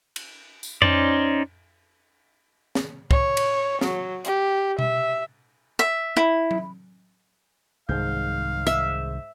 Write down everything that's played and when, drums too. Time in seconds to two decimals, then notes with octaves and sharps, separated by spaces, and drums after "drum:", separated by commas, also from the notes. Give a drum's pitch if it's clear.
0.16 drum: cymbal
0.63 drum: tambourine
0.82 C#4 D#4 C5 D5, drum: tom F2
2.75 drum: snare
3.11 C#5, drum: kick C2
3.37 drum: cymbal
3.81 F#3, drum: snare
4.25 G4, drum: hi-hat
4.79 E5, drum: tom B2
5.79 E5
6.17 E4
6.51 drum: tom F#3
7.89 C2 G#2 D#3 F5 G6
8.67 E5, drum: hi-hat